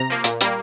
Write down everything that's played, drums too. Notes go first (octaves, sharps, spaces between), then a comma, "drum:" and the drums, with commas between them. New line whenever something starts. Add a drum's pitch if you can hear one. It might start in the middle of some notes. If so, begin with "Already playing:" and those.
Already playing: C3 A#5
F3 A#3
A#2, drum: hi-hat
G3 A#3, drum: hi-hat